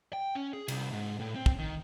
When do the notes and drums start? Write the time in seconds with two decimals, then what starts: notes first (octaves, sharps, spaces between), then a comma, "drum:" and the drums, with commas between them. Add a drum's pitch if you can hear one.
0.13 G5
0.35 C#4
0.53 G#4
0.68 C2, drum: cymbal
0.93 G#2
1.20 A2
1.36 C4
1.46 drum: kick
1.59 D#3